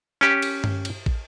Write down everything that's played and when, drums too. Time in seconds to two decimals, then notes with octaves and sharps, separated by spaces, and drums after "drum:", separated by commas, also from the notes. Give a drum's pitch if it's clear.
0.21 C#4 G4
0.42 drum: cymbal
0.64 drum: tom G2
0.85 drum: cymbal
1.06 drum: kick